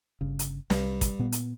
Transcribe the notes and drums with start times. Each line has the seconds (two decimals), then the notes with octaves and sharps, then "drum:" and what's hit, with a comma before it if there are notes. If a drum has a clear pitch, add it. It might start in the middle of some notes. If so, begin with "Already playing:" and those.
0.21 G1 C#3
0.39 drum: hi-hat
0.70 C2 G2, drum: snare
1.01 drum: kick, hi-hat
1.19 A#2 B3
1.32 drum: hi-hat